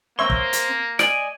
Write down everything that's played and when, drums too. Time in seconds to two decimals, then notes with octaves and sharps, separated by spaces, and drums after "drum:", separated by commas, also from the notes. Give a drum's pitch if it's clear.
0.19 A#3 C4 C#5 E5 C6 G6
0.30 drum: kick
0.53 drum: hi-hat
0.99 D5 D#5 G#5 D7 F#7, drum: snare